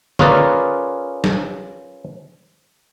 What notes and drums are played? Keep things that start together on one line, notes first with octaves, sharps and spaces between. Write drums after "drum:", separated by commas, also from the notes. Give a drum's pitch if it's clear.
C#4 F4 G#4 A#4 B4 D5, drum: tom
drum: snare